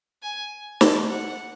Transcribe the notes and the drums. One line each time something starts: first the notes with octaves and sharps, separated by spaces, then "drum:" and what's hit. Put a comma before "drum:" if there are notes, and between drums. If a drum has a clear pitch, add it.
G#5
A5, drum: snare
F#5